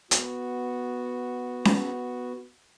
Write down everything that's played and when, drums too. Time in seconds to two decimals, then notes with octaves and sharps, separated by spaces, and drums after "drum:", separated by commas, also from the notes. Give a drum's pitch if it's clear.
0.11 B3 F#4, drum: hi-hat
1.65 drum: snare C#4